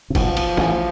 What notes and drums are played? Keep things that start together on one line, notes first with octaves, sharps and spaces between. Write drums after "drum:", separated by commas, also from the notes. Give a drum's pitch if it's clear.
C3
B1 B2 F3, drum: kick F#1, cymbal
drum: cymbal
A1 A2, drum: snare